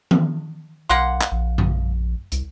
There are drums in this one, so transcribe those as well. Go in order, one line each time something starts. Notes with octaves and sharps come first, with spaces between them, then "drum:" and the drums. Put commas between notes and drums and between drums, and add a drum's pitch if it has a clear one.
drum: tom D#3
B1 A#3 F#5 C6
drum: clap
A#1
drum: tom
C2, drum: hi-hat